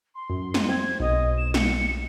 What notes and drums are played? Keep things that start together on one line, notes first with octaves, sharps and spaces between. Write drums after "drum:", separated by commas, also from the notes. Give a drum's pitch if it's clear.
C6
F#2
drum: snare
C4 G#6
B1 D#5
E7
C#7, drum: snare